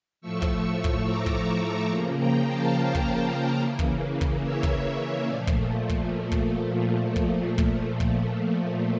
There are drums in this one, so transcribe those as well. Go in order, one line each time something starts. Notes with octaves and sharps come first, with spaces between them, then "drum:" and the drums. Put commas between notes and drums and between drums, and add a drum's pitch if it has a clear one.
A2 F3 A3 C#6 E6
drum: kick
C#6 E6
drum: kick
A#5 D6
drum: kick
C#3 F3 A#3
G5 A#5
F5 A5
drum: kick
C#3 E3 A#3
drum: kick
drum: kick
C#5 E5
drum: kick
A#2 F3 A3 D5 F5
drum: kick
drum: kick
drum: kick
drum: kick
drum: kick
drum: kick